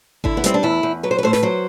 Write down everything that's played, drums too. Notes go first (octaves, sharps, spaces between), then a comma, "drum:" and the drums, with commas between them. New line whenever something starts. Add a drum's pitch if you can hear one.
D3 E4, drum: kick G#1
B3
G3 C4, drum: hi-hat
D4
E2 E4
E2
F#3 B4
C5
B4
A2 C5
B4, drum: snare
F#3 C5